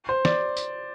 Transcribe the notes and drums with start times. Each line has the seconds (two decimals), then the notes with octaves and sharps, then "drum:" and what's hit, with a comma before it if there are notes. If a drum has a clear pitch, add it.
0.09 C5
0.25 D5, drum: snare
0.57 drum: tambourine